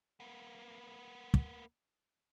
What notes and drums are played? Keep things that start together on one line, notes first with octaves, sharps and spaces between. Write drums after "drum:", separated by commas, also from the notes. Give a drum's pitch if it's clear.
A#3 B3
drum: kick